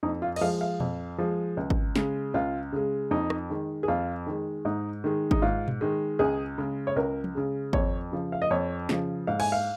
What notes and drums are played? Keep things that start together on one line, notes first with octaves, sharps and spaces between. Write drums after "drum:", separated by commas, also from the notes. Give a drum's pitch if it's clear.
F2 D#4
F4
D#5, drum: cymbal
F3 G#3 F5
F5
F2, drum: tom A#2
F3 G#3
C#2
drum: kick G#1
C#3 G#3, drum: snare
C#2 F4
C#3 G#3
F2 D#4
drum: rim click
D#3 G#3
G#4
F2 F4
D#3 G#3
G#2 D#4
D#3 G#3
D#4, drum: kick G#1
G#2 F4
drum: tom A#2
D#3 G#3
C#2 G#4
C#3 G#3
C#5
C#2 A#4
drum: tom F3
C#3 G#3
F2 C#5, drum: kick G#1
C#3 F3
F5
D#5
F2 C#5
C#3 F3, drum: snare
G#2 F5
G#5, drum: cymbal
F5